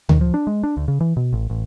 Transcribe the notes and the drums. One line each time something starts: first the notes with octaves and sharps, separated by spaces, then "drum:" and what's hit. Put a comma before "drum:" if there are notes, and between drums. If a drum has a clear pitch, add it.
D#3, drum: tom D2
F3
D4
G#3
D4
D2
C#3
E3
B2
A1
A1